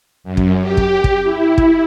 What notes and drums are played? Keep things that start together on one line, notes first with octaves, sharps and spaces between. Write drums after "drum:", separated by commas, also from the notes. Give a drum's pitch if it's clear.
F#2
drum: kick
G4
drum: kick
drum: kick
E4
drum: kick